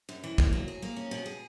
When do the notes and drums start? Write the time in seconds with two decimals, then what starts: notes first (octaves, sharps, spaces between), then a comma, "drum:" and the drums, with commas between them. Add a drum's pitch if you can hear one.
0.09 F#2
0.24 E3
0.38 A#3, drum: kick
0.53 F#3
0.68 G#4
0.82 A#3
0.96 C#4
1.11 B2
1.26 G#4